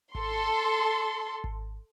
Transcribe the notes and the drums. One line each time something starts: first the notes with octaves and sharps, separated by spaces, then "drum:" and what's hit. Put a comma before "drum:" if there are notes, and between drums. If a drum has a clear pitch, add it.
A4 C6, drum: kick G#1
drum: kick G#1